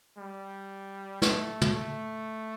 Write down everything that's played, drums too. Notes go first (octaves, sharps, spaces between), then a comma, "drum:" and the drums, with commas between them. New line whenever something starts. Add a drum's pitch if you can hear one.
G3
A3, drum: snare
drum: tom
A3